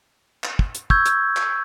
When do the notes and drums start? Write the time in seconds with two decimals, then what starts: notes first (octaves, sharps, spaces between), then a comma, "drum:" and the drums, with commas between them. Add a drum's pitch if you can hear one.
0.44 drum: clap
0.59 drum: kick
0.75 drum: hi-hat
0.90 C#6 E6 G6 G#6, drum: kick
1.06 drum: hi-hat
1.37 drum: clap